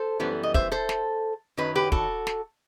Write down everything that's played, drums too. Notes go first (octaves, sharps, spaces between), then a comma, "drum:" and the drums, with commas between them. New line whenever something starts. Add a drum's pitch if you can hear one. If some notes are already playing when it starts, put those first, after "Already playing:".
Already playing: A4 C5
F#2 E3 G3 B3
D#5
C5 E5, drum: kick
A4 C5
drum: snare
F#2 D#3 F#3 B4
G4 B4
F#4 A4, drum: kick
drum: snare